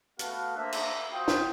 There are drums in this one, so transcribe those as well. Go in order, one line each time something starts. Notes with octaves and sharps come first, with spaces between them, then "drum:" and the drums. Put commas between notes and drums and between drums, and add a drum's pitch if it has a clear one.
A3 B3 F#4 B4 F5 A5, drum: hi-hat
A#3 D4 C5 E5
drum: cymbal
F4 F#4 C5 F5 G5 D#6
drum: snare